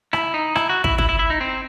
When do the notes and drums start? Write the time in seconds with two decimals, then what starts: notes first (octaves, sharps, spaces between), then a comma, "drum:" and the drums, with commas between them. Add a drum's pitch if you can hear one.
0.13 E4, drum: rim click
0.34 D#4
0.56 E4, drum: rim click
0.70 F#4
0.84 E4, drum: kick
0.98 E4, drum: kick
1.09 E4
1.19 E4
1.30 D#4
1.41 C4